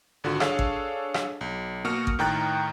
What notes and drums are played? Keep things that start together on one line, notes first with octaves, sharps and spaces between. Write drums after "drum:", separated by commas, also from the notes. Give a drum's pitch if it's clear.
G#1 D3 F4 F#4
D4 G#4 A4 C#5 F5, drum: rim click
drum: kick G#1
drum: rim click
B1
B2 A#3 F#4 F6 C#7
drum: kick G#1
A2 D#3 G5 A#5 F#6 A6